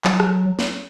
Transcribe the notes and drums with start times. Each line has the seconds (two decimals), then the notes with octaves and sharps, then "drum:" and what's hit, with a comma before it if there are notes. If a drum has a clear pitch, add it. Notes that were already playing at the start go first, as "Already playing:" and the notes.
0.05 F#3, drum: clap
0.20 drum: rim click
0.59 drum: snare